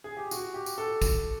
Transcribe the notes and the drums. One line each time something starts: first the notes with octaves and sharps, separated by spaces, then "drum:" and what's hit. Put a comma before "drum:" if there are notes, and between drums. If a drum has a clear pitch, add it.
G#4
G4
F#4, drum: tambourine
G4
drum: tambourine
A4
drum: kick, tambourine